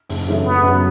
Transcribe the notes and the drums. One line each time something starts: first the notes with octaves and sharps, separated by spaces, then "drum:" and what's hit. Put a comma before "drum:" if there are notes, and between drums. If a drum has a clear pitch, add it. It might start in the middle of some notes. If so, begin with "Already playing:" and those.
F#1, drum: open hi-hat
F#2 C#3 E3 A3
F#1 B3
F#2 C#3 F#3